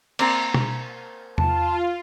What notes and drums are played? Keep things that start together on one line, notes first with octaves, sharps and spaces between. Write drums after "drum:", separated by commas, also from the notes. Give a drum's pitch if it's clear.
A#3 C4 A#5, drum: cymbal
drum: tom B2
F4 A5, drum: tom E2